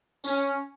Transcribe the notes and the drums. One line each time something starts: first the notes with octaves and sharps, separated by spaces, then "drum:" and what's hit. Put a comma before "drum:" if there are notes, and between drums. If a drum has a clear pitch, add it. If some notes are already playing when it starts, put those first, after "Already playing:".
C#4, drum: tambourine